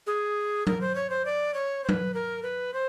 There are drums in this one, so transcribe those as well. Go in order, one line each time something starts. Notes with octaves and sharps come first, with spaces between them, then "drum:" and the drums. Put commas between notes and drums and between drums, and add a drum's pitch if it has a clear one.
G#4
A#4, drum: tom F#3
C5
C#5
C5
D5
C#5
C5
B4, drum: tom F#3
A#4
B4
C5